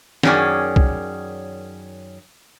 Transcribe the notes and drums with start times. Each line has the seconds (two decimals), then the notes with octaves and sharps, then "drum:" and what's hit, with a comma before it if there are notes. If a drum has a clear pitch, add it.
0.23 F#2 D#3 C#4 G#4 D5, drum: snare
0.76 drum: kick